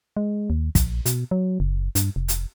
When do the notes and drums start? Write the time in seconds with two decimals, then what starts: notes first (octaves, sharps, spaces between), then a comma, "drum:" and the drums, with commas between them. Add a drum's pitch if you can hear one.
0.17 G#3
0.50 D#2
0.75 A#1, drum: kick, hi-hat
1.06 B2, drum: hi-hat
1.31 F#3
1.60 F#1
1.95 G2, drum: hi-hat
2.16 F1
2.28 drum: hi-hat